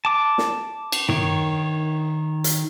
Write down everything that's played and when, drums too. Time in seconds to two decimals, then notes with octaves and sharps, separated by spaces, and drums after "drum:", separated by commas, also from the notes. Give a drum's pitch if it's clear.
0.05 A5 D6
0.38 drum: snare
0.92 drum: cymbal
1.09 D#3 C#5, drum: tom
2.44 drum: hi-hat